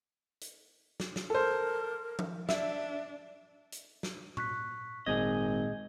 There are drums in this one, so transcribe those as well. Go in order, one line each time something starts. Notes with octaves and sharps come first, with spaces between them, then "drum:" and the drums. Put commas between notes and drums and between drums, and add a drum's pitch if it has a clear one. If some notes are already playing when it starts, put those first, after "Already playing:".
drum: hi-hat
drum: snare
drum: snare
A4 A#4 C5
drum: tom F3
D4 E5, drum: snare
drum: hi-hat
drum: snare
C#6 F#6 B6, drum: tom A#2
G#1 A#2 G#4 D#5 G#5 G6 G#6